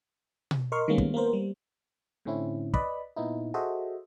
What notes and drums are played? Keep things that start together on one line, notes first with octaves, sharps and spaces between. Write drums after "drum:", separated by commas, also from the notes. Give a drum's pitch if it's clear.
drum: tom B2
A#4 D#5 C6 C#6 F6
D#3 G3 G#3 A#3 B3 C#4
drum: kick
A#3 B3 A#4 C5
G3
A2 D3 C4 C#4 E4
B4 D5 D#5 B5, drum: kick
A#2 B3 D#4 E4
F#4 G#4 A4 C5 D#5 E5